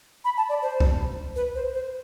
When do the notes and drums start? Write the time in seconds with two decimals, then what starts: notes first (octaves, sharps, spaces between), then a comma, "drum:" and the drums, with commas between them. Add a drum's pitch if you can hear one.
0.25 B5
0.37 A5
0.49 D5
0.62 C5
0.80 drum: kick C2
1.36 B4
1.55 C5
1.73 C5